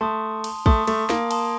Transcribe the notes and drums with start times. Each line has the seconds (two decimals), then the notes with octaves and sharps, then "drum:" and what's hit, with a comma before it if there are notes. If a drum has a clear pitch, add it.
0.01 A3 A5 C6 D#6
0.44 drum: cymbal
0.66 A3 A5 C6 D#6, drum: kick
0.87 A3, drum: cymbal
1.10 A#3, drum: snare
1.31 A5 C6 D#6, drum: cymbal